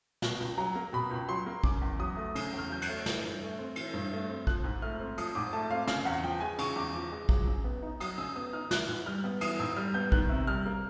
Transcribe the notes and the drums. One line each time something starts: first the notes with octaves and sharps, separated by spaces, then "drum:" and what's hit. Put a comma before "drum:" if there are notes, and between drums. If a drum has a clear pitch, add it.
B2, drum: snare
C#2
F#3 A#5
A#3
B2 B5
C#2
F#3 C6
A#3
C#3 D6, drum: kick A#1
E2
F#3 D#6
A3
C#3, drum: cymbal
E2
F6
F#3 G6
F#6, drum: cymbal
A3
E3, drum: snare
G2
A3
C4
E3, drum: cymbal
G2
A3
C4
F3 F#6, drum: kick A#1
G#2
A3 F6
C4
F3 D#6, drum: cymbal
G#2 D6
A3 A5
C4 F5
C#3 F5, drum: snare
E2 F#5
F3 G5
G#3 G#5
C#3 C#6, drum: cymbal
E2 D6
F3 D6
G#3
F#3, drum: kick A#1
C#3
B3
D#4
F#3 D#6, drum: cymbal
C#3 E6
B3 D#6
D#4 F6
E3 F#6, drum: snare
G#2
G3 F6
B3
E3 D#6, drum: cymbal
G#2 E6
G3 F6
B3 G6
D#3 F#6, drum: kick A#1
C3
G3 F6
A#3